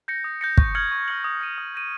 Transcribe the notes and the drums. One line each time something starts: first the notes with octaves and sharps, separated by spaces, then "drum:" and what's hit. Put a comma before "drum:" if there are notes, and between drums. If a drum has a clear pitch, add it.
G6 A#6 C#7
D#6
G6 A#6 C#7
C#6, drum: kick
F6 G#6 C#7 F#7
C#6
F6 G#6 C#7 F#7
D#6
G6 A#6 D#7
D#6
G6 A#6 D#7